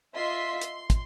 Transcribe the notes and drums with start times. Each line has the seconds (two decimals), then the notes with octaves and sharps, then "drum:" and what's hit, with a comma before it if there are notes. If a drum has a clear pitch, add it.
0.15 F4 D#5 E5 C6 B6
0.61 C6, drum: hi-hat
0.90 drum: kick, hi-hat